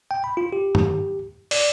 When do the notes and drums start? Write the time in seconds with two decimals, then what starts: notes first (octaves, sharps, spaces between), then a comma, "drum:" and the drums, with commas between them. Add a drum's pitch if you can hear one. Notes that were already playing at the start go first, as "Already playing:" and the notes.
0.11 G5
0.24 B5
0.37 F4
0.53 G4
0.75 drum: tom
1.51 D5, drum: open hi-hat